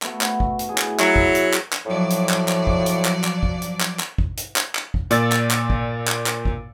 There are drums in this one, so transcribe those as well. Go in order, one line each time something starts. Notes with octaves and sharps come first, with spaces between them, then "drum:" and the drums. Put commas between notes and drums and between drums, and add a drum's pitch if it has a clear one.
A3 B3 F#4, drum: clap
drum: clap
drum: kick
drum: hi-hat
A2 G#4
drum: clap
F#3 E4 F#5 G#5, drum: clap
drum: kick
drum: hi-hat
drum: clap
drum: clap
A2 F3 F#3 D5
drum: hi-hat
drum: clap
drum: clap
drum: kick
drum: hi-hat
drum: clap
drum: clap
drum: kick
drum: hi-hat
drum: clap
drum: clap
drum: kick
drum: hi-hat
drum: clap
drum: clap
drum: kick
A#2 D5 E6 A6, drum: hi-hat
drum: clap
drum: clap
drum: kick
drum: clap
drum: clap
drum: kick